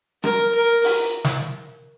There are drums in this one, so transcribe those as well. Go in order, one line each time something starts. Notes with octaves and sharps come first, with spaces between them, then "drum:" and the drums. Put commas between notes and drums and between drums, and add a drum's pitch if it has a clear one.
A#4, drum: rim click
A#4
drum: open hi-hat
drum: snare